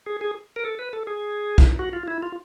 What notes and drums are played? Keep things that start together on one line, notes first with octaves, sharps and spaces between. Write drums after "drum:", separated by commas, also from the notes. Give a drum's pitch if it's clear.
G#4
G#4
A#4
A4
B4
A4
G#4
drum: kick
F#4
F4
E4
F4